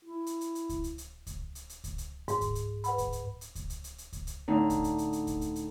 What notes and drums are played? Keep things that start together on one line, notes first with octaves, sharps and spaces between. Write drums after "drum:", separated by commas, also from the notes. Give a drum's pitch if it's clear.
E4
drum: hi-hat
drum: hi-hat
drum: hi-hat
drum: kick C#2, hi-hat
drum: hi-hat
drum: hi-hat
drum: kick C#2, hi-hat
drum: hi-hat
drum: hi-hat
drum: kick C#2, hi-hat
drum: hi-hat
G#2, drum: hi-hat
drum: kick C#2, hi-hat
drum: hi-hat
B4 F#5 B5, drum: hi-hat
drum: kick C#2, hi-hat
drum: hi-hat
drum: hi-hat
drum: kick C#2, hi-hat
drum: hi-hat
drum: hi-hat
drum: hi-hat
drum: kick C#2, hi-hat
drum: hi-hat
A2 D3 D#4
drum: kick C#2, hi-hat
drum: hi-hat
drum: hi-hat
drum: hi-hat
drum: kick C#2, hi-hat
drum: hi-hat
drum: hi-hat